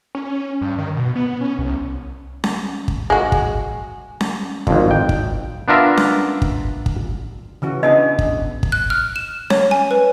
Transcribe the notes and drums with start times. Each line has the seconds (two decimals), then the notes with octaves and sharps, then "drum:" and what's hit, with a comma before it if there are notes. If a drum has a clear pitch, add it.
0.15 C#4
0.61 G2
0.78 D#3
0.97 B2
1.15 B3
1.41 C#4
1.58 C2
2.44 drum: snare C#4
2.88 drum: kick
3.10 G#3 F#4 G#5
3.32 drum: kick
4.21 drum: snare C#4
4.67 G#1 F2, drum: kick
4.91 G5
5.09 drum: kick
5.68 B3 D4 F4 A#4 E5
5.97 drum: snare C#4
6.42 drum: kick
6.86 drum: kick
7.62 C#3 E3 F#4
7.83 B3 D4 G#4 D#5
8.19 drum: kick
8.63 drum: kick
8.72 F#6
8.90 F6
9.16 E7
9.50 C#5, drum: snare C#4
9.71 G#5
9.91 B4